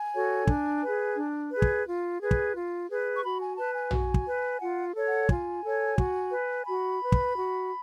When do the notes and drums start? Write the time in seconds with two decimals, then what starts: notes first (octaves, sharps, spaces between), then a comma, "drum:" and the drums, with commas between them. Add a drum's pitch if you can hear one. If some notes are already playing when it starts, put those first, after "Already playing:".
Already playing: G#5
0.13 F#4 A4 C#5
0.47 D4, drum: kick
0.82 G#4 B4
1.17 D4
1.51 G#4 B4
1.62 drum: kick
1.85 F4
2.19 G#4 B4
2.31 drum: kick
2.54 F4
2.89 G#4 B4
3.15 C#6
3.22 F#4 B5
3.40 G#5
3.56 B4 A5
3.75 G#5
3.91 F#4, drum: tom A#1
4.14 drum: kick
4.26 B4
4.60 F4 F#5
4.95 A4 C#5
5.06 F#5
5.29 F4 G#5, drum: kick
5.63 A4 C#5
5.98 F#4, drum: kick
6.32 B4
6.66 F#4 B5
7.01 B4
7.12 drum: kick
7.36 F#4